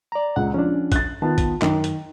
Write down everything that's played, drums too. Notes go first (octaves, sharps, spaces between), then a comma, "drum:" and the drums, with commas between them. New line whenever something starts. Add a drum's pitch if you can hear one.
D5 A#5
C#2 F#5
F3 C#4 D4
F#6 A6, drum: kick A#1, hi-hat
D#3 B3 F4 A5
drum: kick A#1, hi-hat
F#2 D#3, drum: clap
drum: hi-hat